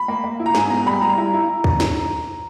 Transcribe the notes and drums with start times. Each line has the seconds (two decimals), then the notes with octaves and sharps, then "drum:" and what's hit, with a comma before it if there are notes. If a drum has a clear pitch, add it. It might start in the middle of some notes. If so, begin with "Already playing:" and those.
Already playing: B5
0.08 A#3
0.24 A#3
0.39 E4
0.46 A#5
0.55 G#2 G#5, drum: snare
0.70 B3 A#5
0.86 G3 B5
1.02 G3 A#5
1.17 E4
1.33 E4
1.64 drum: kick
1.80 drum: snare